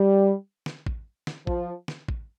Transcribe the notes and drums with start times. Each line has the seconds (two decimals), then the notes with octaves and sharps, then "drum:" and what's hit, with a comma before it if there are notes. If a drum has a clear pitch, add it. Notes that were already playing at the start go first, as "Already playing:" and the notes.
Already playing: G3
0.66 drum: snare
0.86 drum: kick A1
1.27 drum: snare
1.47 F3, drum: kick A1
1.88 drum: snare
2.08 drum: kick A1